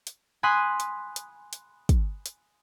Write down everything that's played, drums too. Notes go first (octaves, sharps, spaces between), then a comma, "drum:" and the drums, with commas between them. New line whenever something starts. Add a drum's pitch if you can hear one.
drum: hi-hat
G#5 B5 C6 D#6 F#6
drum: hi-hat
drum: hi-hat
drum: hi-hat
drum: kick, hi-hat
drum: hi-hat